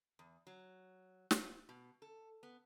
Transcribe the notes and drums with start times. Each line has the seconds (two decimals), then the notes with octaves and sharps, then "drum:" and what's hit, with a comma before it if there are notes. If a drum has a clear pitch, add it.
0.19 E2
0.47 F#3
1.31 F4, drum: snare
1.69 B2
2.02 A4
2.43 B3